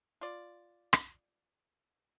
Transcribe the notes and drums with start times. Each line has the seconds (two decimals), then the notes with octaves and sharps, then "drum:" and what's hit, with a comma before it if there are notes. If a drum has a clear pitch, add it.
0.21 F4 D5
0.93 drum: rim click